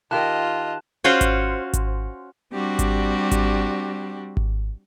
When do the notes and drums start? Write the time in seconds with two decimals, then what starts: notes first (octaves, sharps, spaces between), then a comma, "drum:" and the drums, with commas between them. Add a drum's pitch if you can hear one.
0.11 D#3 F4 G4 A#4 D#5 A5 F#6 E7
1.04 C#4 F4 F#4 C5
1.21 drum: kick G#1, hi-hat
1.73 drum: kick G#1, hi-hat
2.52 G3 C4 D4 F#4 G4
2.79 drum: kick G#1, hi-hat
3.31 drum: kick G#1, hi-hat
4.37 drum: kick G#1